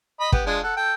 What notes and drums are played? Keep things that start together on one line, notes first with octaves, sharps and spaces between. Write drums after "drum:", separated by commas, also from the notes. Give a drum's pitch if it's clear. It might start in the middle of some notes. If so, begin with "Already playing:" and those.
D#5 B5
B3 G4, drum: kick
G#3 D4 F4
A4 F#5
A4 G5